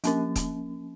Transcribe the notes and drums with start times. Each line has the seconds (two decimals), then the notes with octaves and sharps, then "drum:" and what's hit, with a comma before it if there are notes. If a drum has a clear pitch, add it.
0.04 F3 A#3 C#4, drum: hi-hat
0.36 drum: kick D#1, hi-hat